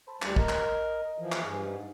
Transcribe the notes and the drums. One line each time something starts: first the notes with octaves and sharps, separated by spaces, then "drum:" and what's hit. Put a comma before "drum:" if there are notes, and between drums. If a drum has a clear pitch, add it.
C5 A5 B5
D2 G3, drum: clap
A#4 D#5, drum: kick A#1
drum: clap
E3 F3
drum: clap
G2 G#4
G#2